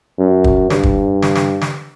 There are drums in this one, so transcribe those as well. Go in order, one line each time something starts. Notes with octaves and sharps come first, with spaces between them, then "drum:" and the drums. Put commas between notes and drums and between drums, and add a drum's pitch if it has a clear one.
F#2
drum: kick
G2, drum: snare
drum: kick
drum: snare
drum: snare
drum: snare